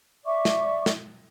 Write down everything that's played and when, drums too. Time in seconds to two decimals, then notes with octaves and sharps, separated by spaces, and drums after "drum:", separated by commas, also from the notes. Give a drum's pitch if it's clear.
0.25 D5 E5 C#6 D6
0.45 drum: snare
0.86 drum: snare